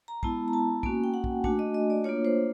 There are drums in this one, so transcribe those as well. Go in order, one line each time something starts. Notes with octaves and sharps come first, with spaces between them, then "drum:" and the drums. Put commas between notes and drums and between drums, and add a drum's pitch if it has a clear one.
A#5
G#3 B3 E4 A5, drum: kick
A#5
A5
A#3 C#4 F#4 G#5, drum: kick
G5
F#5
drum: kick
A3 D4 F#4 G#5, drum: kick
D#5
D#5
D5
A#3 D4 F4 C#5
C5